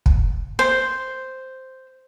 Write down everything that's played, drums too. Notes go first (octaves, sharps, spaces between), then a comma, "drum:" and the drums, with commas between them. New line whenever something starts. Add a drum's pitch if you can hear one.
drum: kick
C5